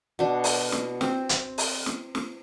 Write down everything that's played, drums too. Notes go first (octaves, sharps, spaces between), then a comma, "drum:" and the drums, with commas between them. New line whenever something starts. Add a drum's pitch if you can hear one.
B2 D4
drum: open hi-hat
drum: snare
C4, drum: snare
drum: hi-hat
drum: open hi-hat
drum: snare
drum: snare